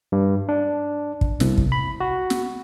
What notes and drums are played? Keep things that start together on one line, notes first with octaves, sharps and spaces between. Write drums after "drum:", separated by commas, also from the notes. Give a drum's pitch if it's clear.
G2
D4
drum: kick
C2, drum: snare
drum: kick
B5
F#4
drum: snare